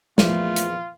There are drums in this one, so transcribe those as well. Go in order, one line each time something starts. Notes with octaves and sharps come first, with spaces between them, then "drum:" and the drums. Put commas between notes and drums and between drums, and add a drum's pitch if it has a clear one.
A#1 E2 F3 A3 F4, drum: snare
drum: hi-hat